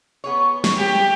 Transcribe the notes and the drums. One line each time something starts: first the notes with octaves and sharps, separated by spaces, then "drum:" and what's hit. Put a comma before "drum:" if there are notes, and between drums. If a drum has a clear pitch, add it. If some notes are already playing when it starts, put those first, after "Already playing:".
B3 G#4 C#5
drum: snare
G4